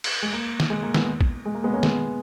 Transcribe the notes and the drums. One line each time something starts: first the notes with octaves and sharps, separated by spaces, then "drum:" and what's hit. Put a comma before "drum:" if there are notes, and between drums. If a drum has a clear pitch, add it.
drum: cymbal
G#3
A#3
drum: snare
G#3
A#3
G#3 B3, drum: snare
drum: kick
G#3
A#3
G#3 B3
A#3 C#4
G#3 B3, drum: snare